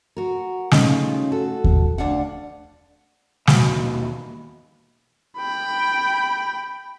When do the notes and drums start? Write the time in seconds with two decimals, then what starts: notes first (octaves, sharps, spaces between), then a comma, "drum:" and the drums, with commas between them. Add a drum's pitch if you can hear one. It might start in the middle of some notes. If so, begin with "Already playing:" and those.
0.17 F#4 A#4
0.71 C#3 A3 C#4 D#4 F4, drum: snare
1.32 F#4 A4
1.64 drum: kick D#2
1.98 D2 G#2 D4 F5 F#5
3.47 D#2 B2, drum: snare
5.39 G5 B5